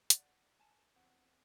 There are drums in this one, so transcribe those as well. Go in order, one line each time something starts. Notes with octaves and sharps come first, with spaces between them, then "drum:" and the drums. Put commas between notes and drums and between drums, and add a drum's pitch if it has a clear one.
D5 F#5 A6, drum: hi-hat
G#5 A5 E7
E2 C4 F#5